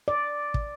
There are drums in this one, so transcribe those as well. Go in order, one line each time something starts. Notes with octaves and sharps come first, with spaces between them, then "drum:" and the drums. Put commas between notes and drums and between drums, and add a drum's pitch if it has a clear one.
D5
drum: kick